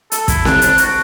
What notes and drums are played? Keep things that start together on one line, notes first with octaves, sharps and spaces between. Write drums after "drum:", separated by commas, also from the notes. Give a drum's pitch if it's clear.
A4, drum: hi-hat
E4, drum: kick, hi-hat
D4, drum: snare C4
D4, drum: hi-hat
F#4, drum: hi-hat